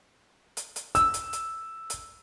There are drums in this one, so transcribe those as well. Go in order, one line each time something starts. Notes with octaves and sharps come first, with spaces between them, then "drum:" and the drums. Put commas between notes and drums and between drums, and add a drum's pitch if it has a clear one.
drum: hi-hat
drum: hi-hat
E6, drum: hi-hat
drum: hi-hat
drum: hi-hat
drum: hi-hat